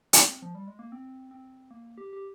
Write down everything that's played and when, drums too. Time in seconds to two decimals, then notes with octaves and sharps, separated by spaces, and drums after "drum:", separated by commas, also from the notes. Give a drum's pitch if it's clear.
0.13 C4, drum: hi-hat
0.42 F3
0.55 G3
0.67 G#3
0.79 A#3
0.92 C4
1.31 C4
1.71 A#3
1.98 G4
2.13 G4